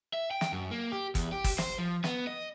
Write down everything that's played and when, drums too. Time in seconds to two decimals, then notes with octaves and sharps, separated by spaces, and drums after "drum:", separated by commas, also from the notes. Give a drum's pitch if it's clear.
0.13 E5
0.31 G5
0.41 drum: snare
0.52 F#2
0.71 A#3
0.92 G4
1.15 E2, drum: kick, hi-hat
1.32 G4
1.44 drum: kick, open hi-hat
1.58 C5, drum: snare
1.78 F3
2.04 B3, drum: snare
2.27 D#5